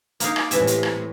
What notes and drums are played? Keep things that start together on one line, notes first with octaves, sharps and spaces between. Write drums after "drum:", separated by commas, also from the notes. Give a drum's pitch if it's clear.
A#3 D#4 F5 D6, drum: hi-hat
drum: rim click
A2 C3 E3 E5 G#5, drum: hi-hat
drum: hi-hat
drum: rim click